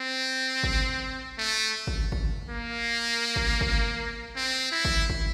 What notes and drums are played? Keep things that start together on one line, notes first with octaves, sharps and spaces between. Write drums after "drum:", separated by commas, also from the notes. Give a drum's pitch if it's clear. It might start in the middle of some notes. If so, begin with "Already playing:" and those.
Already playing: C4
drum: kick
A3
drum: kick
drum: kick
A#3
drum: kick
drum: kick
C4
E4
drum: kick
drum: kick